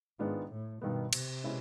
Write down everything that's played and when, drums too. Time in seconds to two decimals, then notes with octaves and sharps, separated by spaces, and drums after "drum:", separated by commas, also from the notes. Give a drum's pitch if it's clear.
0.19 G#2 D#3 G#3 B3 D4 F4
0.51 A2
0.82 G2 B2 D#3 G3 B3
1.13 C3, drum: cymbal
1.44 B2 G#3 C#4 E4